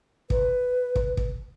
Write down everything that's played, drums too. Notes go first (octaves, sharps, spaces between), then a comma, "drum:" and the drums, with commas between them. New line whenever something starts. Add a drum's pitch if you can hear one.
B4, drum: kick
drum: kick
drum: kick